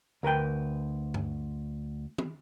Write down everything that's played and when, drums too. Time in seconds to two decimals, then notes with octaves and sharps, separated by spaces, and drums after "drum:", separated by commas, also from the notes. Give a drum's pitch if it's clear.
0.23 D2 A#4 B4 G5
1.14 drum: tom G2
2.18 drum: tom